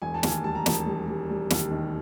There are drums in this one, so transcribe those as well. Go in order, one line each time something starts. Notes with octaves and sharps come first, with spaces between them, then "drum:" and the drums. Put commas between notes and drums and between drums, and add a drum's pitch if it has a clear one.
E1 G#5
A5
D#2 G#5, drum: snare
G3 A5
A#5
E1 A5, drum: snare
G3
G3
G3
D#2, drum: snare
D#3